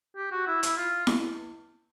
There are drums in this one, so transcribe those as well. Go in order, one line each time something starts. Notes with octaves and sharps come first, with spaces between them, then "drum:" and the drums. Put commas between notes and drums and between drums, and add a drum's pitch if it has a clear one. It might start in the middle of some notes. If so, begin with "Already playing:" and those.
G4
F#4
E4
E4, drum: hi-hat
F4
drum: snare E4